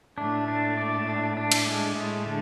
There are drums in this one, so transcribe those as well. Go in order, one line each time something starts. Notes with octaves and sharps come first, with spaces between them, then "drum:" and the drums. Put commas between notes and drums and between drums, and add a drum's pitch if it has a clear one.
A2 A3 D4
D4
D5
D4
D4
drum: cymbal
G#3
A2 G#3 A3
D3